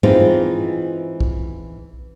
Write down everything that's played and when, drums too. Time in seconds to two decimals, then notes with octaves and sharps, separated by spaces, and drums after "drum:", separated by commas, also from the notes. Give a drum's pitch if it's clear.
0.03 E3 G#3 C4 D#4 F4, drum: tom G2
1.20 drum: kick